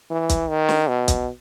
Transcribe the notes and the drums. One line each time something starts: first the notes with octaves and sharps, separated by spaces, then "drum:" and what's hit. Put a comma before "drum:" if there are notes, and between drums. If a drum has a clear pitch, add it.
E3
drum: kick, hi-hat
D#3
drum: snare
B2
drum: kick, hi-hat